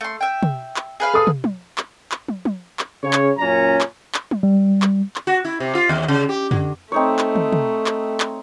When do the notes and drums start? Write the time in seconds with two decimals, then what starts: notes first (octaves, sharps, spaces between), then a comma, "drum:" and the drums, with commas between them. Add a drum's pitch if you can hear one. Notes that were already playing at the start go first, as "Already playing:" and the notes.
0.01 A3 C6
0.21 E5 G5
0.43 drum: tom
0.76 drum: clap
1.00 G#4 B4 F5
1.14 A4 D#6
1.27 drum: tom
1.44 drum: tom
1.78 drum: clap
2.12 drum: clap
2.28 drum: tom
2.45 drum: tom
2.79 drum: clap
3.03 C#3 C#5
3.13 drum: clap
3.39 F#2 A#2 C#4 A#5
3.81 drum: clap
4.14 drum: clap
4.31 drum: tom
4.43 G3
4.82 drum: clap
5.16 drum: clap
5.27 F#4
5.45 E4
5.60 C3
5.75 F4
5.89 D#2
6.08 C#3
6.29 G4
6.51 D3, drum: tom
6.92 A3 C4 D#4 C#5
7.19 drum: clap
7.36 drum: tom
7.52 drum: tom
7.86 drum: clap
8.20 drum: clap